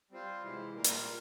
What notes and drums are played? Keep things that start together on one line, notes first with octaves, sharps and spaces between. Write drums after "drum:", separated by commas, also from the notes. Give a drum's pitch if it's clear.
G3 C4 F4 C5
C3 E3 G#3 E4
A#2 G3 A#3 F4 A#4
drum: hi-hat